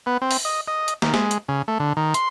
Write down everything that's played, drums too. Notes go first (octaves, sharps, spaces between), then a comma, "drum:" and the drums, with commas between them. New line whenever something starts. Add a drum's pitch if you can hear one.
B3
C4
drum: open hi-hat
D#5
D#5
drum: hi-hat
D#3, drum: snare
G#3, drum: snare
drum: hi-hat
C#3
A3
D3
D#3
C6, drum: hi-hat